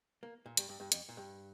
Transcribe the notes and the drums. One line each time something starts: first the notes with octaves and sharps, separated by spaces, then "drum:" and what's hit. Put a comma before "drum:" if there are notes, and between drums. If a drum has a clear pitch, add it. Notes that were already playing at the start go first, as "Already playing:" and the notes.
A#3
A#2
G2, drum: hi-hat
G2
G2
F2, drum: hi-hat
A#2
G2